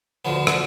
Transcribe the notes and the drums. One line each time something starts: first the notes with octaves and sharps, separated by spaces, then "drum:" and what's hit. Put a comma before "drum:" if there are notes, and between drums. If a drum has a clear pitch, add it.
D2 D3 F3 B3
drum: rim click